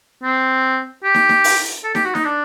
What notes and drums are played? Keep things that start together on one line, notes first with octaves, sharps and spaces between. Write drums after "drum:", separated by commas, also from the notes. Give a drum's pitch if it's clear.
C4
G4
drum: snare
drum: snare
drum: open hi-hat
A4
G4, drum: snare
F#4
D#4, drum: snare
D4